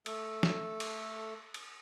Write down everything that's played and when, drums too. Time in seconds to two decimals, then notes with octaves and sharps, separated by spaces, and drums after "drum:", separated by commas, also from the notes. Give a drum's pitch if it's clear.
0.06 A3 A4, drum: cymbal
0.43 drum: snare
0.80 drum: cymbal
1.54 drum: cymbal